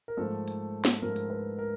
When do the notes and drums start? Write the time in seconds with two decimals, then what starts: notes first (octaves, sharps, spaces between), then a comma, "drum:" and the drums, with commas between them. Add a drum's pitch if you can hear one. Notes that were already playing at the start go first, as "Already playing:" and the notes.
0.08 A#4
0.17 G#2 F3 A3 A4
0.48 drum: hi-hat
0.85 drum: snare
1.02 G#2 F3 A3 A#4
1.16 drum: hi-hat
1.30 B4
1.59 A#4